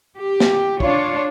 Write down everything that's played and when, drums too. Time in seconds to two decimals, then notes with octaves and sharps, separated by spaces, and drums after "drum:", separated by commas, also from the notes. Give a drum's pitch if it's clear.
0.17 G4
0.40 drum: snare
0.80 D4 F4 C#5, drum: kick